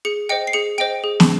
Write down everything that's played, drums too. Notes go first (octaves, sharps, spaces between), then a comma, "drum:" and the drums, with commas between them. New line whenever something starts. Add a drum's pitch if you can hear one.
G#4 C#7
C5 D#5 G5 C#7
C7
G#4 C#7
C5 D#5 G5 D7
G#4
drum: snare